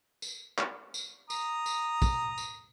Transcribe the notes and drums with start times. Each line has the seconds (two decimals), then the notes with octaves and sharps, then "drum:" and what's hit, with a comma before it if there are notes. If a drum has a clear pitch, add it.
0.22 drum: tambourine
0.58 drum: clap
0.94 drum: tambourine
1.30 A#5 D#6, drum: tambourine
1.66 drum: tambourine
2.02 drum: kick, tambourine
2.38 drum: tambourine